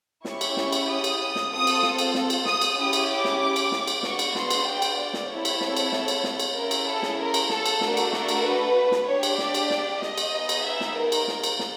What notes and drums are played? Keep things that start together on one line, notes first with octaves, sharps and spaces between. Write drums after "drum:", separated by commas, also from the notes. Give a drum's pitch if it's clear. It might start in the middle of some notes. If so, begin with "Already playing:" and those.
C#4 E4 G4 C#6, drum: snare
drum: cymbal
drum: snare
drum: cymbal
D#6
drum: cymbal
D#6
drum: snare
C4 F4 A4 D#6
drum: cymbal
drum: snare
drum: cymbal
drum: snare
drum: cymbal
D#6, drum: snare
drum: cymbal
C#4 E4 G4 D#6
drum: cymbal
D6
drum: snare
drum: cymbal
drum: snare
drum: cymbal
B3 D4 F#4 C#6, drum: snare
drum: cymbal
C6, drum: snare
drum: cymbal
G5
drum: cymbal
D5
drum: snare
C4 E4 A4 C#5
drum: cymbal
drum: snare
drum: cymbal
drum: snare
drum: cymbal
drum: snare
drum: cymbal
C#4 E4 G#4 A#4
drum: cymbal
A4
drum: snare
A#4
drum: cymbal
A4, drum: snare
drum: cymbal
A3 D4 F#4 A4 A#4, drum: snare
drum: cymbal
A#4, drum: snare
drum: cymbal
B4
drum: snare
D4 G4 C#5
drum: cymbal
D5, drum: snare
drum: cymbal
drum: snare
D#5, drum: snare
drum: cymbal
B3 D#4 G#4
drum: cymbal
E5
drum: snare
A#4
drum: cymbal
drum: snare
drum: cymbal
drum: snare